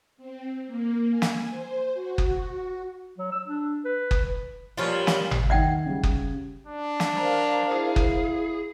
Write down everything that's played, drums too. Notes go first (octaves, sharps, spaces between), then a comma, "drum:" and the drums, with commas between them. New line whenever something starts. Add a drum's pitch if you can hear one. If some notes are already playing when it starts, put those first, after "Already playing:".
C4
A#3
G#5
drum: snare
C5
F#4
drum: kick F#1
F#3
E6
D4
B4
drum: kick F#1
A#2 F3 G3 C#4 F4 C#5
drum: snare
drum: tom G#1
D#3 E5 F#5 G5 G#6
C#3 G3
drum: kick F#1
D4
drum: snare
F#2 A#4 C5 D5 F5 A#5
E4 G#4
drum: kick F#1